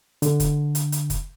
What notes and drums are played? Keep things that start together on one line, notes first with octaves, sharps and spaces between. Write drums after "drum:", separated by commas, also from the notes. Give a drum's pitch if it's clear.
D3, drum: hi-hat
drum: kick, hi-hat
drum: hi-hat
drum: hi-hat
drum: kick, hi-hat